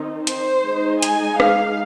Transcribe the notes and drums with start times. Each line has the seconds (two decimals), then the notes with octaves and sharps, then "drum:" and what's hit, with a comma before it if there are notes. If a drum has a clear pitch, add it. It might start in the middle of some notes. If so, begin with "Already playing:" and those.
Already playing: D#3 C4 D#4
0.27 C5, drum: hi-hat
0.64 G#3 D#4
1.02 G#5, drum: hi-hat
1.40 F5, drum: rim click